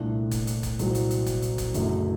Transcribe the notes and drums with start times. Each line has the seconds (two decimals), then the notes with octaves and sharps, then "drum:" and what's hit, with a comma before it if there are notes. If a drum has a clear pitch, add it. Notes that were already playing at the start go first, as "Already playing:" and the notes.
Already playing: C2 A#2 A3 D4
0.31 drum: kick F#1, hi-hat
0.47 drum: hi-hat
0.63 drum: kick F#1, hi-hat
0.79 C2 A#2 F#3 C4, drum: hi-hat
0.95 drum: hi-hat
1.11 drum: hi-hat
1.26 drum: kick F#1, hi-hat
1.42 drum: hi-hat
1.58 drum: kick F#1, hi-hat
1.74 F#1 F#2 D3 F#3 A3, drum: hi-hat